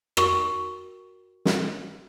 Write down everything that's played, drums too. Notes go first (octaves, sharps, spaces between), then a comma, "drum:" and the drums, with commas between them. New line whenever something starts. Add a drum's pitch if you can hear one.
F#4 A#4 G5 B5 C#6, drum: rim click
drum: snare